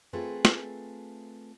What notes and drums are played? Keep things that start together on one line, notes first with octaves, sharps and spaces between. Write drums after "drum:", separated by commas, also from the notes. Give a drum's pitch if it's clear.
A3 C4 F4 G#4 A4 B4
drum: snare